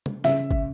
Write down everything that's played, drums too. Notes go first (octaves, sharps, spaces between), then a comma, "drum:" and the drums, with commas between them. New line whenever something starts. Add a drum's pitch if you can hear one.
drum: tom
C#3 E5, drum: snare
drum: kick